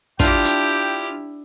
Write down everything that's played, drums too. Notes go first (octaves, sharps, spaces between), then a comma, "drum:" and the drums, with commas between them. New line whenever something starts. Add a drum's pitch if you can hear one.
D4 E4 F4 G4 G5, drum: kick, hi-hat
drum: hi-hat